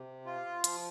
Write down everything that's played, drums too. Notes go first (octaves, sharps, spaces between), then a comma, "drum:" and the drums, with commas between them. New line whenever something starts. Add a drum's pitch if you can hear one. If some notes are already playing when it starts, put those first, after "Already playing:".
Already playing: C3
F4
F3, drum: hi-hat